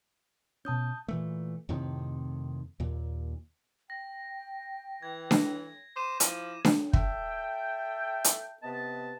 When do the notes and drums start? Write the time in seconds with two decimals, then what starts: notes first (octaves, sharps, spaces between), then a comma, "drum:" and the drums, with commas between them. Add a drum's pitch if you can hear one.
0.65 B2 C#4 A5 D#6 G6
1.08 A#2 E3 A3
1.69 F2 A2 C3 D#3
2.80 D#2 A#2
3.90 G5 A#6
5.03 E3 G#6
5.31 drum: snare D4
5.96 C5 D6 D#7 E7
6.20 F3 E4, drum: hi-hat
6.65 drum: snare D4
6.93 A4 E5 G5, drum: kick
8.24 drum: hi-hat
8.63 C3 B3 B4 D#5 A5